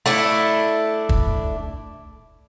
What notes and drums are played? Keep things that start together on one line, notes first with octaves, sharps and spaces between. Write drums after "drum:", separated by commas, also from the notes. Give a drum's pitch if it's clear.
A3 D4 E4
drum: kick